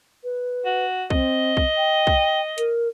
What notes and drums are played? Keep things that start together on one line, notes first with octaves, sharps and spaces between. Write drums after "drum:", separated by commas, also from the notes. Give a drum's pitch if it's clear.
B4
F#4
C4 D#5, drum: kick
drum: kick
G5
drum: kick
A#4, drum: hi-hat